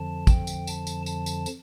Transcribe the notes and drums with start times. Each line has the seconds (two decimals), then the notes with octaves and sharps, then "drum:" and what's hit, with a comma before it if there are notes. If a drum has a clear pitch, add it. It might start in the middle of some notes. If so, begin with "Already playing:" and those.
Already playing: F2 D3 F3 A5
0.27 G5, drum: kick, tambourine
0.47 drum: tambourine
0.67 A5, drum: tambourine
0.87 drum: tambourine
1.06 A5, drum: tambourine
1.26 drum: tambourine
1.46 drum: tambourine